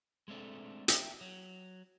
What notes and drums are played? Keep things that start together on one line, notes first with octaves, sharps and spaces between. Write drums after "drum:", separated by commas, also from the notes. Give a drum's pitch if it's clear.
G#3 A3 C4 D4 A4
E5 G5, drum: hi-hat
F#3